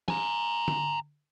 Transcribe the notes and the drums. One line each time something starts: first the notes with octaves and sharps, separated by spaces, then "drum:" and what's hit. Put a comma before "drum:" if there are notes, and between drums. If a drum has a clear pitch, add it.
G#5 A#5, drum: tom E3
drum: tom D3